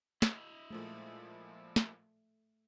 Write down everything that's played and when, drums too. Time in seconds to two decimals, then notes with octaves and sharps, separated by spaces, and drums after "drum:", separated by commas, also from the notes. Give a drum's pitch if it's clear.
0.22 E4 D#5, drum: snare
0.71 A#2 F3 G#3 A3
1.76 drum: snare